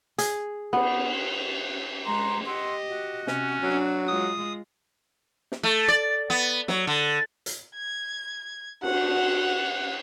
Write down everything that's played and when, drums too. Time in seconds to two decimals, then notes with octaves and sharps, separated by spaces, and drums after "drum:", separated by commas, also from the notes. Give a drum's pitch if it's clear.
0.18 G#4, drum: hi-hat
0.73 B3, drum: cymbal
2.06 G#3 F#5 A#5 C6
2.45 G4 D#5 F#5 C6 E6
2.87 F#4
3.27 C3 C#4, drum: snare
3.63 F#3 D4
4.08 G#3 F4 D#6
5.52 drum: snare
5.63 A3
5.88 D5
6.30 B3
6.68 F#3, drum: snare
6.87 D3
7.46 drum: hi-hat
7.75 G#6
8.83 D4 F#4 F#5, drum: cymbal